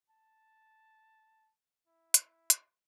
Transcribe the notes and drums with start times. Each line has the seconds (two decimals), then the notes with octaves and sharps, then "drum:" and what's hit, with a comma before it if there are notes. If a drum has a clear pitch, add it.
0.10 A5
1.87 E4
2.14 drum: hi-hat
2.50 drum: hi-hat